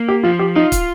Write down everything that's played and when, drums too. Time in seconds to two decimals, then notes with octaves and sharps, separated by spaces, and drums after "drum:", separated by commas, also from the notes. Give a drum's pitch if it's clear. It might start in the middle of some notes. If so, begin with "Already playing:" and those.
Already playing: A#3
0.08 G4
0.23 F3 F4
0.39 G4
0.55 D#4 F4
0.72 drum: kick, hi-hat